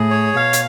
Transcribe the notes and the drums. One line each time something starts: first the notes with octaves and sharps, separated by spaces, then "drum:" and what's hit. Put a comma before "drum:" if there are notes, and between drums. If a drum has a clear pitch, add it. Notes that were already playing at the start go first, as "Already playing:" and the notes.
Already playing: A2 G#4
C#5
B2 F5
drum: hi-hat